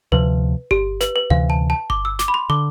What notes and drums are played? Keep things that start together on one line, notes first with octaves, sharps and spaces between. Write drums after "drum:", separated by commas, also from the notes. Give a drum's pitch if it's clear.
D2 C3 F3 B4
G4, drum: kick G1
B4, drum: snare
B4
D2 C3 E3 F5
A5
A5
D6, drum: kick G1
E6
D6, drum: snare
B5
C6
D3 D6